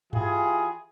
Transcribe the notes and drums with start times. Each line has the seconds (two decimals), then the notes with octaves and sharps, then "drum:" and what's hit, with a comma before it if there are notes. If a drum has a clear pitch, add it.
0.13 E3 F4 G4 G#4, drum: tom G2